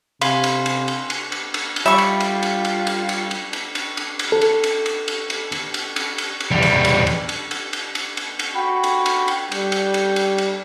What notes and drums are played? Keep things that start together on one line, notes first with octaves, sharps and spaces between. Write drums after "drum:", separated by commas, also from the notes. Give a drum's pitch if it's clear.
C3 F5 G#5 B5 C6, drum: cymbal
drum: cymbal
drum: cymbal
drum: cymbal
drum: cymbal
drum: cymbal
drum: cymbal
drum: cymbal
G3 F4 E5 B5 C#6
drum: cymbal
drum: cymbal
drum: cymbal
drum: cymbal
drum: cymbal
drum: cymbal
drum: cymbal
drum: cymbal
drum: cymbal
drum: cymbal
drum: cymbal
A4
drum: cymbal
drum: cymbal
drum: cymbal
drum: cymbal
drum: cymbal
drum: cymbal
drum: cymbal
drum: cymbal
drum: cymbal
drum: cymbal
E2 G3
drum: cymbal
drum: cymbal
drum: cymbal
drum: cymbal
drum: cymbal
drum: cymbal
drum: cymbal
drum: cymbal
drum: cymbal
F#4 G5 B5
drum: cymbal
drum: cymbal
drum: cymbal
G3 G6, drum: cymbal
drum: cymbal
drum: cymbal
drum: cymbal
drum: cymbal